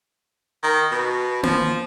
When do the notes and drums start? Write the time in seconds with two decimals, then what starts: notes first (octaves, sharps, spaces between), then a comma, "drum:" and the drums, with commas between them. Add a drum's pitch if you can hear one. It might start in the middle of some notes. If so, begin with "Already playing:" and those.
0.63 D#3
0.91 B2
1.43 F3, drum: tom A#3